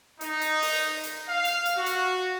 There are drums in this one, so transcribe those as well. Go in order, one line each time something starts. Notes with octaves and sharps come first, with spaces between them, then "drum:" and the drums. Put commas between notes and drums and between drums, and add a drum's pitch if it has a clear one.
D#4, drum: hi-hat
drum: hi-hat
drum: open hi-hat
drum: hi-hat
F5
drum: hi-hat
drum: hi-hat
F#4
drum: hi-hat